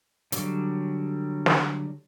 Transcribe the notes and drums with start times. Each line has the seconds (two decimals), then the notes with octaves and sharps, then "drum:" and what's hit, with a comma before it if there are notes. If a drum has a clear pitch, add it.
0.32 D3 F#3 G3, drum: hi-hat
1.46 drum: snare